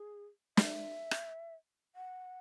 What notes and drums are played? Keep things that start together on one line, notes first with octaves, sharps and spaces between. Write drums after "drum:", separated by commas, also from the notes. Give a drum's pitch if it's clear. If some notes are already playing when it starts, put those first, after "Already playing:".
Already playing: G#4
E5, drum: snare
drum: rim click
F#5